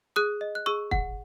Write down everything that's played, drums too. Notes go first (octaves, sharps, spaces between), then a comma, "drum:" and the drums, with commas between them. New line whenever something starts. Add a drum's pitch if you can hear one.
G#4 D#6 F#6
D#5
F#6
G#4 C#6 E6
F#5, drum: kick